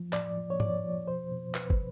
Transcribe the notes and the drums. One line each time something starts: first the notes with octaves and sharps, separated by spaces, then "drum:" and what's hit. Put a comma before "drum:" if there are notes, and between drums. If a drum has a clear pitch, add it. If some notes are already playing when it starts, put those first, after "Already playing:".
Already playing: F3
A2 D5, drum: clap
F3
C#5
F3 D5, drum: tom G#2
F3
B2 C5
B2
B2 B4, drum: clap
drum: kick